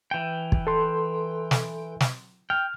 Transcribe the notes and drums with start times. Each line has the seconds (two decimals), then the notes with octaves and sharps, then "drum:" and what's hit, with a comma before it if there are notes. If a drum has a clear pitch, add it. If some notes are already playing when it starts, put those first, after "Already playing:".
0.11 E3 G5
0.52 drum: kick
0.67 A4 C6
1.51 drum: snare
2.00 drum: snare
2.50 G5 F6